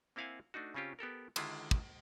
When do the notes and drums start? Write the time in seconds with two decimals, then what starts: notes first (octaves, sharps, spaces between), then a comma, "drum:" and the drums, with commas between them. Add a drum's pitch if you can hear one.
0.16 A#3 C4 E4 F5 F#5 G#5
0.54 A3 D4 D#4 F#4
0.74 C#3 C4 C#4 F4 G4
0.99 B3 G4 A4 A#4
1.36 D3 D#3 G#3 E4 F4, drum: cymbal
1.71 drum: kick